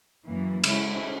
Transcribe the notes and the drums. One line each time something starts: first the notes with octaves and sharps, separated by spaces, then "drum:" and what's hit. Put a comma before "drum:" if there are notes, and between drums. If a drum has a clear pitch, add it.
F#2 E3 A#3
C#3 G#3 C#4 E4, drum: cymbal